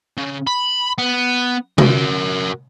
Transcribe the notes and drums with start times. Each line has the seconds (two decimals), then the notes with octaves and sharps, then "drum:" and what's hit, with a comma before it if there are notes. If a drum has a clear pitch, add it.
0.17 C#3
0.47 B5
0.98 B3
1.78 F#4 A#4, drum: tom C3